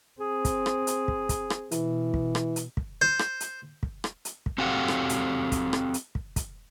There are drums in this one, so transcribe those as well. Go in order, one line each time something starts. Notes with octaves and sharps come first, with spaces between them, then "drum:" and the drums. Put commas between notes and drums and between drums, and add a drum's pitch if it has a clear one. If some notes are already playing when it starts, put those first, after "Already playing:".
C4 G#4
drum: kick, hi-hat
drum: rim click
drum: hi-hat
drum: kick
drum: kick, hi-hat
drum: rim click
B2 E3, drum: hi-hat
drum: kick
drum: rim click
drum: hi-hat
drum: kick
C5
drum: rim click
drum: hi-hat
drum: kick
drum: rim click
drum: hi-hat
drum: kick
C4 F#4 G4 A4 F5 F#5
drum: rim click
drum: hi-hat
drum: kick, hi-hat
drum: rim click
drum: hi-hat
drum: kick
drum: kick, hi-hat